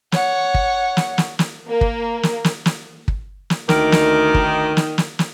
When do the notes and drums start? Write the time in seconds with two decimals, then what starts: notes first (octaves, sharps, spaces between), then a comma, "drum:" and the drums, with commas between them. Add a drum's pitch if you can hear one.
0.12 C#5 F#5, drum: snare
0.54 drum: kick
0.97 drum: snare
1.18 drum: snare
1.39 drum: snare
1.68 A#3
1.81 drum: kick
2.23 drum: snare
2.44 drum: snare
2.66 drum: snare
3.08 drum: kick
3.50 drum: snare
3.69 D2 D#3 A#4 D6, drum: snare
3.92 drum: snare
4.34 drum: kick
4.77 drum: snare
4.98 drum: snare
5.19 drum: snare